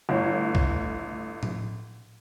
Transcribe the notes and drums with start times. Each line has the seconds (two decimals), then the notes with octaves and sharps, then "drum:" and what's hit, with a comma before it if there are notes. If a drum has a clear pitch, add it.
0.09 G1 A2 C#5
0.55 drum: kick
1.43 drum: tom A2